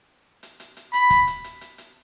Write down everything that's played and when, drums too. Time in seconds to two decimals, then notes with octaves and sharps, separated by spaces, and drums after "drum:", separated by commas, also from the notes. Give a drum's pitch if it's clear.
0.43 drum: hi-hat
0.60 drum: hi-hat
0.77 drum: hi-hat
0.93 B5, drum: hi-hat
1.10 drum: kick, hi-hat
1.27 drum: hi-hat
1.44 drum: hi-hat
1.61 drum: hi-hat
1.78 drum: hi-hat